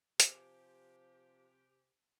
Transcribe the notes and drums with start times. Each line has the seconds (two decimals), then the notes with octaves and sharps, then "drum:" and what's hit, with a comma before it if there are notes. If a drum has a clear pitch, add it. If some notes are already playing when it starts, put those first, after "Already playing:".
0.20 C3 F3 G4 C5 G#5 D6, drum: hi-hat